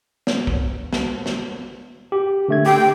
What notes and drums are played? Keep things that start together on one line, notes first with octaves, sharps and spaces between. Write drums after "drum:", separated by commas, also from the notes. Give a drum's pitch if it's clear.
drum: snare
drum: kick
drum: snare
drum: snare
G4
D3 A3 G#6
G4 G5